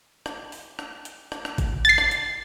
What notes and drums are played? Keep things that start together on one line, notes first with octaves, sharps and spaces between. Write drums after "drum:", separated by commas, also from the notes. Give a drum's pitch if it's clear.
drum: rim click
drum: open hi-hat
drum: rim click
drum: hi-hat
drum: rim click
drum: rim click
drum: kick, hi-hat
A6 C7, drum: open hi-hat
drum: rim click
drum: hi-hat